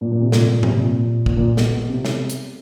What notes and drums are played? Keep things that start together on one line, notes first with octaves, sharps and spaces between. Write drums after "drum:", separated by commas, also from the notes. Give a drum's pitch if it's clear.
A#2
A#2
C3
A#2, drum: snare
A#2
C3, drum: tom G#2
A#2
A#2, drum: kick
A#2
B2, drum: snare
C3
drum: snare
drum: hi-hat